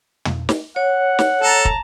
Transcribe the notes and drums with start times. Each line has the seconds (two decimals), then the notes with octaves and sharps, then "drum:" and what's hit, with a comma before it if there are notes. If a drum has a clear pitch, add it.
0.25 drum: tom
0.49 drum: snare
0.76 C#5 F#5
1.19 drum: snare
1.42 A4 A5 A#5
1.65 drum: kick